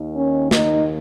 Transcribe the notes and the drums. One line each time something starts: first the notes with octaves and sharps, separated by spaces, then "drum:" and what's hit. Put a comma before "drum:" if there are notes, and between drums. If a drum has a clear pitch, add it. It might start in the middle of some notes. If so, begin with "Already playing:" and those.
Already playing: D#2 D#3
C#4
D#4, drum: snare